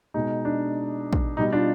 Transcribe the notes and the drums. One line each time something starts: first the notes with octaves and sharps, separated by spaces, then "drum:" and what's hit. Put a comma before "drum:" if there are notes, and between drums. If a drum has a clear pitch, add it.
B2 G#3 D#4
D4
drum: kick
B2 G3 D#4
D4 F4